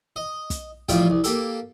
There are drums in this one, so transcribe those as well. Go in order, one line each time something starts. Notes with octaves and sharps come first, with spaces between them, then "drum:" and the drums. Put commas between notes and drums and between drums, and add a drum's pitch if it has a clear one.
D#5
drum: kick, hi-hat
A1 F3 G3 F4 G5, drum: kick, hi-hat
C2
A#3 G4 A4, drum: hi-hat